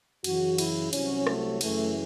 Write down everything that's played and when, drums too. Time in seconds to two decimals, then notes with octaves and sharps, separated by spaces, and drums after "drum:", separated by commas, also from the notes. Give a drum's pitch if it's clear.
0.24 F#2 C#3 E3 F#4, drum: cymbal
0.58 E4, drum: cymbal
0.93 C2 C3 F#3 C#4, drum: cymbal
1.27 A3, drum: rim click
1.61 F#2 C#3 E3 A3, drum: cymbal